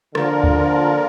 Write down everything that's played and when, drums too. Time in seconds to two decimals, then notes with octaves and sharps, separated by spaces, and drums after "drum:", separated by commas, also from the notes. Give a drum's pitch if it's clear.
0.15 D3 F3 A#3 F4 A#4, drum: rim click
0.44 drum: kick D2
0.58 D3